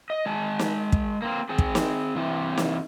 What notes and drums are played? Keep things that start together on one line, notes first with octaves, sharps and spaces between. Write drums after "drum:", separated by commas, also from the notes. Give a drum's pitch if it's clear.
D#5
G#3 G#5 A5
drum: snare
drum: kick
A#3 C4
C4 G#4
drum: kick
drum: snare
G2 E3 C4 E4 G4
drum: snare